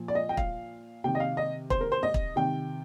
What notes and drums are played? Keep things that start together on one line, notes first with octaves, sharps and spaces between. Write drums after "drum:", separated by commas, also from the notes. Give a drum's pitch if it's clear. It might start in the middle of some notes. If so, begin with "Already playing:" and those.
Already playing: A#2 F3
D5
D#5
G5
F5, drum: kick
C3 D#3 G5
D#5
F5
D#5
C5, drum: kick
A#4
C5
D#5
drum: kick
C3 D#3 G5